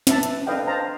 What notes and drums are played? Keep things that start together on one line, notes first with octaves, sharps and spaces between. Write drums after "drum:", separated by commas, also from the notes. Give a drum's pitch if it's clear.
B4 E5 A5, drum: snare
drum: hi-hat
D4 A4 B4 D#5 F5 G5
C5 F5 A5 A#5